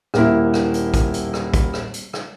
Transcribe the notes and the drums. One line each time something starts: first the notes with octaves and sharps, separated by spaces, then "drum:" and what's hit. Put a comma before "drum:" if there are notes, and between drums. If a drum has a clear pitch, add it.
D#1 A#3 E4, drum: rim click
drum: rim click
drum: hi-hat
drum: kick, hi-hat
drum: hi-hat
drum: rim click
drum: kick, hi-hat
drum: rim click
drum: hi-hat
drum: rim click